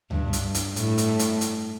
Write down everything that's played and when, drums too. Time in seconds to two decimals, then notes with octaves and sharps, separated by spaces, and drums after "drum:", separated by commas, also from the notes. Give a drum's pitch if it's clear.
0.11 G2, drum: tom C#2
0.33 drum: hi-hat
0.54 drum: hi-hat
0.76 A2, drum: hi-hat
0.98 drum: hi-hat
1.19 drum: hi-hat
1.41 drum: hi-hat